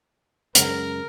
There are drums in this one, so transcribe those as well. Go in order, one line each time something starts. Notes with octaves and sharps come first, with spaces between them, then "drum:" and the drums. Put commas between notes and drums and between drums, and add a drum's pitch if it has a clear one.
F#2 C#3 G#3 C#4 A#4, drum: hi-hat